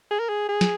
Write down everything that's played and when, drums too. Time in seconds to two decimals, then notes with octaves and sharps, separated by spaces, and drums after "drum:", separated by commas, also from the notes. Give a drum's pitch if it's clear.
0.11 G#4
0.19 A#4
0.29 G#4
0.49 G#4
0.61 drum: snare